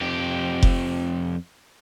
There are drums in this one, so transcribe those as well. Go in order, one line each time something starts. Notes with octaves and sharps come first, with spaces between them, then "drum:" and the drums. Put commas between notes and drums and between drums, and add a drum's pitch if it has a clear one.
F2 G4
drum: kick F1